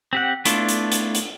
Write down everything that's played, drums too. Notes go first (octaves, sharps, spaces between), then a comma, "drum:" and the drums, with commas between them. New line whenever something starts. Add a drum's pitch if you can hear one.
C4 G4 F#5
A3 B3 D4 E4 F4, drum: hi-hat
drum: hi-hat
drum: hi-hat
drum: hi-hat